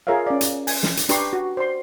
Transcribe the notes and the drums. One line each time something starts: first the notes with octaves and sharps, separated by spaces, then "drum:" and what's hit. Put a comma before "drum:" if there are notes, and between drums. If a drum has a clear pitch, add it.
F4 G#4 A#4 C#5 E5 F5
C#4 D5
drum: hi-hat
G#5, drum: open hi-hat
drum: snare
drum: hi-hat
D4 G4 B4 A#5 C6 C#6, drum: hi-hat
F#4
C5 D5 C6